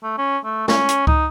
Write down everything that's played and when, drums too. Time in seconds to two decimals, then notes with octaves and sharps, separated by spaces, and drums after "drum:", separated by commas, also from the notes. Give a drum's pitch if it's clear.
0.03 A3
0.18 C#4
0.44 A3
0.68 C#4, drum: snare
0.89 drum: hi-hat
1.07 D#4, drum: kick C#2